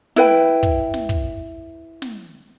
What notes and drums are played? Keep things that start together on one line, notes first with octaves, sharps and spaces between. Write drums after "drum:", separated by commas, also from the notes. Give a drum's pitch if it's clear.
E4 B4 G5, drum: snare
drum: kick
drum: snare
drum: kick
drum: snare